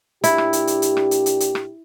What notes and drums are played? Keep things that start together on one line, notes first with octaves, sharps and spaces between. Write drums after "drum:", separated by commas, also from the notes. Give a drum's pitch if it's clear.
A#2 D4 E4 G4, drum: hi-hat
drum: rim click
drum: hi-hat
drum: hi-hat
drum: hi-hat
drum: rim click
drum: hi-hat
drum: hi-hat
drum: hi-hat
drum: rim click